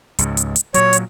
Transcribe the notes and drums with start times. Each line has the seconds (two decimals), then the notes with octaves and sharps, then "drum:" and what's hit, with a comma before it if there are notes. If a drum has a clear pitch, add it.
0.19 C#2 G#2, drum: hi-hat
0.37 drum: hi-hat
0.56 drum: hi-hat
0.74 A#2 F#3 C#5, drum: hi-hat
0.93 drum: hi-hat